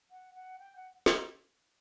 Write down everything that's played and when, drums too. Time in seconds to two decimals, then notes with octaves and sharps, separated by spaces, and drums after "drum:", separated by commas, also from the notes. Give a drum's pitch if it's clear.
0.11 F#5
0.34 F#5
0.59 G5
0.76 F#5
1.06 drum: snare